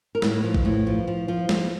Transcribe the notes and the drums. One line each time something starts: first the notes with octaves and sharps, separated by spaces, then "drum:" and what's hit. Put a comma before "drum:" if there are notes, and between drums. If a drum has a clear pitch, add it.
A#4
A2 B4, drum: snare
F3
drum: kick
A2
F3
F3
F3
F3, drum: snare